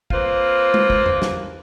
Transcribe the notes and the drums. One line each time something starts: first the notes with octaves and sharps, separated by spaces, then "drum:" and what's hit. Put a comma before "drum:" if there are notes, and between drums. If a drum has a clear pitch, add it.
A#3 C4 F4 B4, drum: kick
drum: tom G#3
drum: kick
drum: tom E2
drum: snare